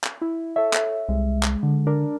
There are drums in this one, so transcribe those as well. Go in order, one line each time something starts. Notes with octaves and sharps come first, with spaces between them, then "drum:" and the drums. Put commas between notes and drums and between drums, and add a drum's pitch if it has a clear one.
drum: clap
E4
A4 C#5 E5
drum: clap
C2 G#3
drum: clap
D3
D4 A#4